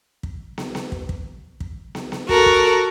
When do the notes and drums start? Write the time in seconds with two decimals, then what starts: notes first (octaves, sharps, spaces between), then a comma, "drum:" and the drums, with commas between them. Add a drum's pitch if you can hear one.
0.23 drum: kick
0.58 drum: snare
0.75 drum: snare
0.92 drum: kick
1.09 drum: kick
1.60 drum: kick
1.95 drum: snare
2.12 drum: snare
2.29 F#4 A4 A#4, drum: kick
2.46 drum: kick